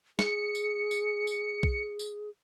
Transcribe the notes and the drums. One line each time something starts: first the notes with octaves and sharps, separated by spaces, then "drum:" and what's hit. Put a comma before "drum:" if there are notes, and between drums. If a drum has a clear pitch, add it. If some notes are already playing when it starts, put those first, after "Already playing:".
G#4 C#7, drum: snare
drum: tambourine
drum: tambourine
drum: tambourine
drum: kick B1
drum: tambourine